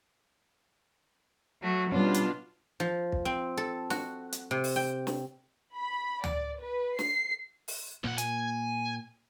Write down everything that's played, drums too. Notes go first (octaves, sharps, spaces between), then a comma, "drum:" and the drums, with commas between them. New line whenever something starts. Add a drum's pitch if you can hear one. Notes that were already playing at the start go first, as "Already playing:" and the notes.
F#3 A3 F#4
B2 G3 B3 C#4 D4 F4
drum: hi-hat
F3
drum: kick
C4
A4
F#4, drum: snare
drum: hi-hat
C3
drum: open hi-hat
G5
drum: snare
B5
D5, drum: tom D2
B4
C7, drum: snare
drum: open hi-hat
B1 A#2 A#3 F#5
G#5, drum: hi-hat